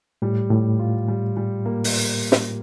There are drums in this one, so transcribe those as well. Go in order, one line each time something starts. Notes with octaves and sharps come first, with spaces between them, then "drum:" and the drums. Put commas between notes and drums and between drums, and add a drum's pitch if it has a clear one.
A2 G3
A2 G3
F4
G3
G3
A#3
drum: open hi-hat
drum: snare